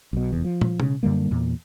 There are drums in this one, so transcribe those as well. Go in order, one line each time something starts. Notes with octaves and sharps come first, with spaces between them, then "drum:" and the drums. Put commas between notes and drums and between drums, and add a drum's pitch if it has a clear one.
B1 B2
F1 E2
F3
drum: tom
C#3, drum: tom B2
F#2 D3 G3 A#3
E2 A#2